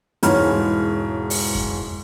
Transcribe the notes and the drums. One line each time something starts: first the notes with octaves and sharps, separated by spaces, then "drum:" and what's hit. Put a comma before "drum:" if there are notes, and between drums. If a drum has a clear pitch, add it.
E1 G#2 E3 C#5 B5 F6, drum: hi-hat
drum: open hi-hat
drum: kick F2